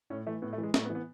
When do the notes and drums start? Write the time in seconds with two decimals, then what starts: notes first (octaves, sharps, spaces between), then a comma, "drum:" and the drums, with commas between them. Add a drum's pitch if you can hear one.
0.10 A2 C#4
0.27 E3 A3
0.42 A2 B3
0.53 A3
0.58 E3
0.63 G#3
0.74 A2 A3, drum: snare
0.85 B3
0.90 E3
0.95 B3